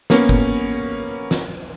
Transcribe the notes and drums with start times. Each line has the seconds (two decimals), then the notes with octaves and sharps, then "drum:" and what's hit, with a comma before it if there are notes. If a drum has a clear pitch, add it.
0.10 A#3 B3 C#4, drum: snare
0.29 drum: kick F#1
1.31 drum: snare